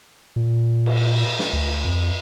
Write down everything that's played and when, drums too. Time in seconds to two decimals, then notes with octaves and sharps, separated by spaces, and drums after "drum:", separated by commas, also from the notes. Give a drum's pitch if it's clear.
0.36 A#2
0.86 drum: cymbal
1.39 drum: snare
1.53 D2
1.85 F2